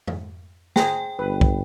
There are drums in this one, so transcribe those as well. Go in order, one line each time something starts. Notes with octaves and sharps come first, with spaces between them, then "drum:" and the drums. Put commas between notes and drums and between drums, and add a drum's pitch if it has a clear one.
drum: tom F2
G#4 C5 G5 A#5, drum: snare
G1 B4
drum: kick